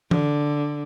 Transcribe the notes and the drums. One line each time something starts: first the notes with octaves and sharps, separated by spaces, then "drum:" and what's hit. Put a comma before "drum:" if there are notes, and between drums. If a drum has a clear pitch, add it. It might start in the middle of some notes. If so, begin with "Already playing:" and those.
D3, drum: tom E3